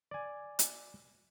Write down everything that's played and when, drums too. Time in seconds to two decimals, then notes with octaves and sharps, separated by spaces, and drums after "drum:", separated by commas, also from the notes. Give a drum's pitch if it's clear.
0.11 D5 G#5
0.59 drum: hi-hat